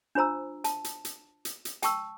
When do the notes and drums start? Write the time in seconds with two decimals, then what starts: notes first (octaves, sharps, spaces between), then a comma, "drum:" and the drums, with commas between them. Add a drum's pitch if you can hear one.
0.15 D4 F4 C5 A#5 E6
0.64 A5, drum: hi-hat
0.84 drum: hi-hat
1.05 drum: hi-hat
1.45 drum: hi-hat
1.65 drum: hi-hat
1.83 G5 A5 C#6 E6, drum: hi-hat